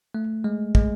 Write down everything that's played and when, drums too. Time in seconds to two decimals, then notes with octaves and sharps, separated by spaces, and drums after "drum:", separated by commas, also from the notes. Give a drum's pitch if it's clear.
0.15 A3
0.44 G#3
0.75 G#3, drum: kick